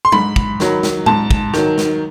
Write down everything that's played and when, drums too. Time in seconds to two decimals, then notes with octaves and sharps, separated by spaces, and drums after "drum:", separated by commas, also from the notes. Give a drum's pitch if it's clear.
0.05 C6
0.12 G#2 B5, drum: tom
0.36 drum: kick
0.60 D#3 F#3, drum: snare
0.83 drum: snare
1.06 G#2 A5, drum: tom A2
1.31 drum: kick
1.54 D#3 F#3, drum: snare
1.78 drum: snare